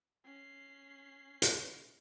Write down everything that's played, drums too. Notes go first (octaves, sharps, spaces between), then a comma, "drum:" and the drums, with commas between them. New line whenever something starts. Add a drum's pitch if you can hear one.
C#4 C7
drum: hi-hat